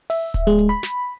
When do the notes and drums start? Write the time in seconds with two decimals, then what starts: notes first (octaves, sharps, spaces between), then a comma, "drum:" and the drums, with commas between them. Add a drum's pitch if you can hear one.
0.10 E5, drum: open hi-hat
0.34 drum: kick D1, hi-hat
0.47 G#3
0.59 drum: hi-hat
0.69 B5
0.83 drum: snare